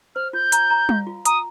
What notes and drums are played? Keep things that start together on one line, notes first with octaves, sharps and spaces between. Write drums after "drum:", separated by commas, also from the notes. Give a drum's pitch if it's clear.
C5 F6
F4 G6
A#5, drum: hi-hat
A#5
F5, drum: tom G3
F4
A#5 D#6, drum: hi-hat